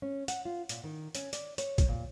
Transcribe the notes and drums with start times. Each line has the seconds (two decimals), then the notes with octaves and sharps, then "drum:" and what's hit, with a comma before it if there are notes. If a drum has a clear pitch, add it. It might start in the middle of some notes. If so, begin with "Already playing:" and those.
0.02 C#4
0.28 F#5, drum: hi-hat
0.45 F4
0.69 A#2, drum: hi-hat
0.84 D#3
1.15 C#4, drum: hi-hat
1.33 D5, drum: hi-hat
1.58 C#5, drum: hi-hat
1.78 drum: kick, hi-hat
1.89 A#2